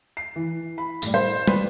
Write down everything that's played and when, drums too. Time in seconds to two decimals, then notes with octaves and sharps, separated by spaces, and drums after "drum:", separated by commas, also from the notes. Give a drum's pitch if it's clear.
0.17 C7
0.36 E3
0.78 B5
1.02 A2 G3, drum: tambourine
1.14 C5
1.48 G3 B4, drum: tom